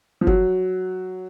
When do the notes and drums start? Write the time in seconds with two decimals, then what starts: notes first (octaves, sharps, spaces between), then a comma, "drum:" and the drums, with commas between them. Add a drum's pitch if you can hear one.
0.21 F3
0.27 F#3, drum: kick F#1